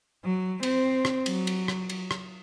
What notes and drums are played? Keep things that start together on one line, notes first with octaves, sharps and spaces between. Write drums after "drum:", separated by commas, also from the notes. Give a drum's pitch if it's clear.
F#3
C4, drum: cymbal
drum: rim click
F#3, drum: cymbal
drum: cymbal
drum: rim click
drum: cymbal
drum: rim click